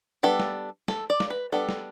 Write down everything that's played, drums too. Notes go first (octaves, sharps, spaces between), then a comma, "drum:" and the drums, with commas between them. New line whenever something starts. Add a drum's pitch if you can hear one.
G3 B3 D4 A4
drum: snare
A4, drum: snare
D5
drum: snare
B4
G3 B3 D4 A4
drum: snare